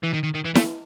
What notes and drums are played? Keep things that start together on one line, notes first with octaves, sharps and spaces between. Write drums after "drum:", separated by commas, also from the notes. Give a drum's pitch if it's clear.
E3
D#3
D#3
D#3
E3
A3, drum: snare E4